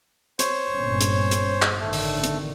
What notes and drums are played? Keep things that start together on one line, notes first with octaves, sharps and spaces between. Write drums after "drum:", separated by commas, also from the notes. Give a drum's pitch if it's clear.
C5 C#5, drum: hi-hat
G1 A#2 C#4
drum: hi-hat
drum: hi-hat
drum: clap
A1 D3 D#3 A3
drum: open hi-hat
drum: hi-hat